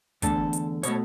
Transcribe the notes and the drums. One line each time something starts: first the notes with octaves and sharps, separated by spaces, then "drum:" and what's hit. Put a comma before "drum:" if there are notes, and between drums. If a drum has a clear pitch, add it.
E2 D3 A3 A4, drum: kick, hi-hat
drum: hi-hat
B2 A3 C#5, drum: hi-hat